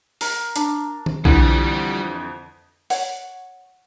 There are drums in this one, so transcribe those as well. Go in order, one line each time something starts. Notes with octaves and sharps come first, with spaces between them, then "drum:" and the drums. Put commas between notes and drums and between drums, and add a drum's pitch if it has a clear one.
A#4, drum: open hi-hat
D4, drum: hi-hat
drum: tom D#3
F2 D3 E3 G3, drum: kick B1
C#5 F#5, drum: open hi-hat